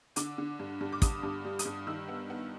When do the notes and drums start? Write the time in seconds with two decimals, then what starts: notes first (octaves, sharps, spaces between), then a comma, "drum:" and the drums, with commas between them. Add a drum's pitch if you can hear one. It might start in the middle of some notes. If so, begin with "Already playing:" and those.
0.16 D3 D6, drum: hi-hat
0.38 D3
0.59 G2
0.81 G2
0.92 D6
1.02 G2 D#6, drum: kick, hi-hat
1.23 G2
1.44 G3
1.59 D#6, drum: hi-hat
1.65 G2
1.87 D#3 E6
2.08 B3
2.30 B3